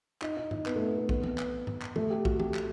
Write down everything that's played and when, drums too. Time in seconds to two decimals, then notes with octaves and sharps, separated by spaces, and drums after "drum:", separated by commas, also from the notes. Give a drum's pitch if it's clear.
0.22 D#4, drum: clap
0.37 D#4
0.51 D#4, drum: tom G2
0.66 B3, drum: clap
0.76 A3
0.88 B3
0.98 A3
1.09 B3, drum: kick
1.24 drum: tom E3
1.38 drum: clap
1.67 drum: tom G2
1.82 drum: clap
1.96 A3, drum: tom E3
2.10 G4
2.25 F#4, drum: kick
2.40 G4, drum: tom E3
2.54 drum: clap